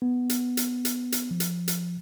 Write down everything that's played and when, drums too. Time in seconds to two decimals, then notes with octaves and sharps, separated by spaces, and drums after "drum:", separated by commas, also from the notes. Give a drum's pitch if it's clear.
0.02 B3
0.30 drum: hi-hat
0.57 drum: hi-hat
0.85 drum: hi-hat
1.12 drum: hi-hat
1.31 F3
1.40 drum: hi-hat
1.68 drum: hi-hat